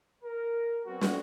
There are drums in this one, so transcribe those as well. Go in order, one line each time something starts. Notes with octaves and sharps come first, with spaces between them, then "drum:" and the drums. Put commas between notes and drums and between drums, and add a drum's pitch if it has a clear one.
A#4
F#3 B3 C4 F#4
drum: snare